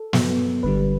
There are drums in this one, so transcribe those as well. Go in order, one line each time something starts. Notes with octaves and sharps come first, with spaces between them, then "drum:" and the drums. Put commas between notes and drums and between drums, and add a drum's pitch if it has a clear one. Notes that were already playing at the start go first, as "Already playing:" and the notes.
Already playing: A4
G2 F#3 B3, drum: snare
G1 G2 D3 G3 B4